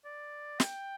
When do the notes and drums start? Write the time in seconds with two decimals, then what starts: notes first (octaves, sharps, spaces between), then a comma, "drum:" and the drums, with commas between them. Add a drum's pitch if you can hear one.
0.05 D5
0.60 G5, drum: snare